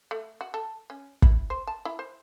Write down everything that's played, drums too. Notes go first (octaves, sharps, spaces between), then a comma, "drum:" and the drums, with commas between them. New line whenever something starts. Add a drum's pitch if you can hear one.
A3
F#4
A4
C#4
E4, drum: kick
C5
A5
E4
C5